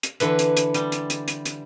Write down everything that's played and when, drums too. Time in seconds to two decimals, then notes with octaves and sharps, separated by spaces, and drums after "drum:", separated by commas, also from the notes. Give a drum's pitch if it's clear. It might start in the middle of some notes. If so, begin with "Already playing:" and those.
0.03 drum: hi-hat
0.20 D3 E3 B4, drum: hi-hat
0.39 drum: hi-hat
0.57 drum: hi-hat
0.74 G3, drum: hi-hat
0.92 drum: hi-hat
1.10 drum: hi-hat
1.28 drum: hi-hat
1.45 drum: hi-hat